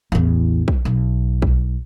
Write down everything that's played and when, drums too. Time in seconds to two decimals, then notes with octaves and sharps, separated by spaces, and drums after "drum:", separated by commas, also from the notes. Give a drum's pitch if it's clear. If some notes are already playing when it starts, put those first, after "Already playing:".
0.12 A1 E2
0.68 drum: kick
0.85 B1
1.42 drum: kick